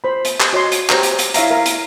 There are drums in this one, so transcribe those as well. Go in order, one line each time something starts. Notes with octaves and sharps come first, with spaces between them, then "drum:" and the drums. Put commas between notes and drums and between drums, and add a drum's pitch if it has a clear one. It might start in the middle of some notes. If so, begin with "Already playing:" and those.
C5 B5
drum: hi-hat
drum: clap
F#4 C#5 D#5 C6
drum: hi-hat
G4 C5 C#5 A#5, drum: clap
drum: hi-hat
drum: hi-hat
E4 C#5 E5 F5 A#5, drum: hi-hat
A#4 F5 A#5
drum: hi-hat